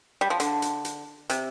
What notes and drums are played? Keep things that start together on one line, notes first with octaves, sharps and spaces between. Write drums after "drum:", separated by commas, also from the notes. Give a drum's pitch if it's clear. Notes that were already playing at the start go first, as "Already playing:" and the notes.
G3
F3
D3, drum: hi-hat
drum: hi-hat
drum: hi-hat
C3, drum: hi-hat